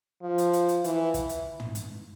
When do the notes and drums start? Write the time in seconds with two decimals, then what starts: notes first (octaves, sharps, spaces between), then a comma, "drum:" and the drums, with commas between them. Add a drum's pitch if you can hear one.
0.23 F3
0.38 drum: hi-hat
0.53 drum: hi-hat
0.68 drum: hi-hat
0.84 E3, drum: hi-hat
1.14 drum: kick, hi-hat
1.29 drum: hi-hat
1.60 drum: tom
1.75 drum: hi-hat